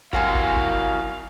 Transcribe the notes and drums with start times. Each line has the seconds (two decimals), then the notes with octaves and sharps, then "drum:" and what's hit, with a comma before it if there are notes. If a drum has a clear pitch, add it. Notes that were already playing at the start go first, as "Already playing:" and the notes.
0.13 C3 F#3 E4 F#4 A#4 F5 G#5, drum: kick
0.35 drum: kick
0.56 drum: kick